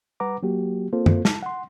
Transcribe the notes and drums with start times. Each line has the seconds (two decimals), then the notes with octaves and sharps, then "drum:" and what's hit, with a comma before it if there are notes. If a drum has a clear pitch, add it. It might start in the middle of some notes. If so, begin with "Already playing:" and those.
0.20 G3 B4 F#5 A#5 D6
0.43 F#3 A#3 F#4 G4
0.93 A#3 C4 F4 A4 C5
1.06 drum: tom F#2
1.25 A5, drum: snare
1.42 F#5 C6